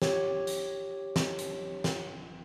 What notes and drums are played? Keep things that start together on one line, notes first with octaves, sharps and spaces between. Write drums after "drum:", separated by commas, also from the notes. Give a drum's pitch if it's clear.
G4 C#5, drum: snare
drum: hi-hat
drum: snare
drum: hi-hat
drum: snare